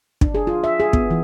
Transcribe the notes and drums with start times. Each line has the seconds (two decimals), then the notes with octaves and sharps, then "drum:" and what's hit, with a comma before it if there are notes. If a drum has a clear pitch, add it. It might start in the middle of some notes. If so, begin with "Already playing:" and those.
0.21 D4, drum: kick
0.35 G#4
0.47 F4
0.64 E5
0.80 G#4
0.93 B3, drum: kick
1.11 E3